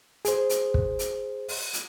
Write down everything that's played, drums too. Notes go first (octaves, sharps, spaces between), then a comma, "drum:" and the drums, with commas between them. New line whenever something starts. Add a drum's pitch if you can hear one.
G#4 C5, drum: hi-hat
drum: hi-hat
drum: kick
drum: hi-hat
drum: open hi-hat
drum: hi-hat